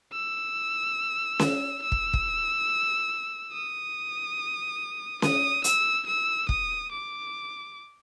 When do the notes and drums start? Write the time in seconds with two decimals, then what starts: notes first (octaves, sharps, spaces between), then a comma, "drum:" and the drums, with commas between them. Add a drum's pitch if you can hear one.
0.13 E6
1.39 drum: snare C#4
1.82 E6
1.92 drum: kick
2.13 drum: kick
3.52 D#6
5.22 D#6, drum: snare C#4
5.64 E6, drum: hi-hat
6.07 E6
6.49 D#6, drum: kick
6.92 D6